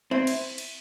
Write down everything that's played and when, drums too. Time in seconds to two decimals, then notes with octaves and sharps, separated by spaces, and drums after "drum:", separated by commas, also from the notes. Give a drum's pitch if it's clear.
0.11 C4 E4
0.27 drum: cymbal
0.58 drum: cymbal